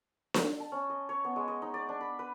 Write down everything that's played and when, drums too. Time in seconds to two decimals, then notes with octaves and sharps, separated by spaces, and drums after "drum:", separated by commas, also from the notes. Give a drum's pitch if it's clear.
0.34 drum: snare D4
0.60 A5
0.72 C#4
0.90 D#5
1.09 C#5
1.24 B3
1.36 G#3
1.48 D#5
1.62 D#4
1.74 D5
1.89 D4
2.01 B5
2.19 B4